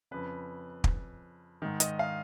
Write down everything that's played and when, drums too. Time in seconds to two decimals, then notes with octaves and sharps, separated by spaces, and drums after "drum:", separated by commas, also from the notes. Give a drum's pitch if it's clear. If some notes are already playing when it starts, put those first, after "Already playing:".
0.11 F2 C#3 B4
0.84 drum: kick
1.62 G#2 D#3
1.80 D#5, drum: hi-hat
1.99 F5